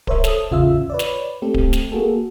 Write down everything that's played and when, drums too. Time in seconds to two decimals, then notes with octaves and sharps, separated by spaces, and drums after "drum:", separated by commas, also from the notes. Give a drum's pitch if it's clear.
0.07 A#4 C5 C#5 E5, drum: kick D1
0.24 A4 D#6, drum: snare
0.50 A1 E2 C#3 F4 E5 E6
0.90 B4 C#5 D5
0.99 drum: snare
1.42 A3 C4 G4 A4
1.54 drum: kick D1
1.73 drum: snare
1.92 A#3 F#4 G#4 A4